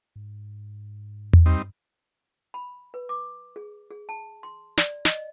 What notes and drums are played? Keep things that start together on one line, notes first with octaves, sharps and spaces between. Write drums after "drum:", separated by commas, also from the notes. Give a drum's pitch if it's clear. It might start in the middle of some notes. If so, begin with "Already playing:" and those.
G#2
drum: tom E2
G2 G3 C4 D#4
B5
B4
D6
G#4
G#4
A5
C6
D5, drum: snare
D#5, drum: snare